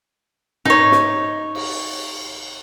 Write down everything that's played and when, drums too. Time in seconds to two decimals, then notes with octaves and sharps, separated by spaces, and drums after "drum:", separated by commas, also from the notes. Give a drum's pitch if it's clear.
0.65 D#4 C#5, drum: tom
0.92 drum: snare
1.55 drum: cymbal